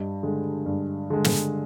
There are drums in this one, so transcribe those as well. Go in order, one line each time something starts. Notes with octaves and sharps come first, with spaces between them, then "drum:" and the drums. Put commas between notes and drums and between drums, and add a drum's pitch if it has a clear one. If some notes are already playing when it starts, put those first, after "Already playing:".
Already playing: G2 D#5
D3 G#3
G2
D3 G#3
drum: snare